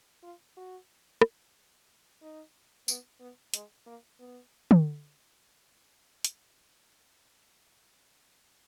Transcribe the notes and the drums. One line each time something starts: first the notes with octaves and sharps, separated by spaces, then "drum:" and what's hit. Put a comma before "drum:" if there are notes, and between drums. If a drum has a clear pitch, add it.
F4
F#4
drum: rim click
D#4
B3, drum: tambourine
B3
G#3, drum: hi-hat
A#3
B3
drum: tom
drum: hi-hat